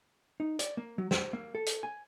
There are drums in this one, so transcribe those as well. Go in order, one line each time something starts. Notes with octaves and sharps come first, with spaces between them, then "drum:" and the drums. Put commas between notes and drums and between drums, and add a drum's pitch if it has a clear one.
D#4
D5, drum: hi-hat
A#3
F#3
C5, drum: snare
A#3
A4
drum: hi-hat
G#5